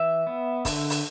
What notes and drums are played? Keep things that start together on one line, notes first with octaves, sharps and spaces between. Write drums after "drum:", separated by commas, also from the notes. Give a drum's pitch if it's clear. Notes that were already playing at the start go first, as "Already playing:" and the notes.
Already playing: E3 E5
B3
D3, drum: kick, open hi-hat
drum: open hi-hat